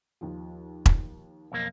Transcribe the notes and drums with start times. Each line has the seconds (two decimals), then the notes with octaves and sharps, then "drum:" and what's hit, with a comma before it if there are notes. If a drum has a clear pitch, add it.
0.21 D#2 F3
0.86 drum: kick E1
1.52 B1 F2 A#3